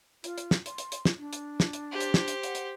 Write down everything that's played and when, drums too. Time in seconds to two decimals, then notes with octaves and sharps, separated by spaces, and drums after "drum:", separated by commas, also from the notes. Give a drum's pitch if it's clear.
0.24 F4, drum: hi-hat
0.38 drum: hi-hat
0.51 drum: snare
0.66 C6, drum: hi-hat
0.78 drum: hi-hat
0.92 drum: hi-hat
1.05 drum: snare
1.18 D4
1.33 drum: hi-hat
1.60 drum: snare
1.73 drum: hi-hat
1.91 G4 C5
2.00 drum: hi-hat
2.14 drum: snare
2.28 drum: hi-hat
2.43 F#5, drum: hi-hat
2.55 drum: hi-hat